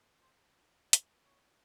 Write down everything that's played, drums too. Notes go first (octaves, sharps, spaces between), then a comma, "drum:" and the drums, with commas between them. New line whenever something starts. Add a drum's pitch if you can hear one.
C5
drum: hi-hat
C#5